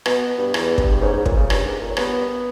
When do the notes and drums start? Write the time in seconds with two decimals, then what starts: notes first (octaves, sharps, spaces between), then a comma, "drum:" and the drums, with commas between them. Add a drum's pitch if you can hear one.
0.06 B2 B3 B4, drum: rim click
0.38 G2
0.54 E2, drum: rim click
0.78 G2, drum: kick
1.01 G#2 C#4 C#5
1.13 G#2
1.26 A#2, drum: kick
1.37 C#3
1.50 G2, drum: rim click
1.65 G#2
1.81 A#2
1.90 C#5
1.97 G2 B3 B4, drum: rim click
2.14 G2